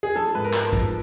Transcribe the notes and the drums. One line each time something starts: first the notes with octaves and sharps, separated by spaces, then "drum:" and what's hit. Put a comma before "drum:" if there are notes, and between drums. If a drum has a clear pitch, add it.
G#4
F3 A4
G#2 B4
A#4
G#3, drum: clap
F3, drum: kick